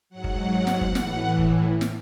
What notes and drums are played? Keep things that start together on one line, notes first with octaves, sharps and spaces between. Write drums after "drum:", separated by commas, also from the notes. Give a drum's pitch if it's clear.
G#2 F#3 F#5
drum: kick
drum: snare
drum: kick
A2 E3, drum: snare
drum: kick
drum: snare